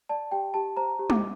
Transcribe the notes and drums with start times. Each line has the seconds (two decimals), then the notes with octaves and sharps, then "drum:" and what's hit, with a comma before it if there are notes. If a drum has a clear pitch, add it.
0.09 D5 A5
0.31 G4 G5
0.54 G4 A5
0.77 C5 A#5
0.99 G4
1.10 D6, drum: tom